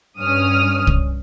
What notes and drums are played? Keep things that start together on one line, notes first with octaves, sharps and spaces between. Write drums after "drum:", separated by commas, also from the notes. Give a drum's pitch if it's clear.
G2 C#4 D#6 F6
drum: kick